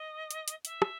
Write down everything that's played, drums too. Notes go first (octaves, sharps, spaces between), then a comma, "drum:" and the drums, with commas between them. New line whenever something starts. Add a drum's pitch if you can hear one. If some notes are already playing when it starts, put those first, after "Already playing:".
Already playing: D#5
drum: hi-hat
drum: hi-hat
E5, drum: hi-hat
drum: rim click